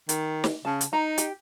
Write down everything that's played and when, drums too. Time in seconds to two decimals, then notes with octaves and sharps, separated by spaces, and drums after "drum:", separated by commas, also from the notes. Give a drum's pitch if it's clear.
0.09 D#3, drum: hi-hat
0.44 drum: snare
0.65 C#3 A5
0.81 drum: hi-hat
0.93 D#4 A#5
1.18 G4 G5, drum: hi-hat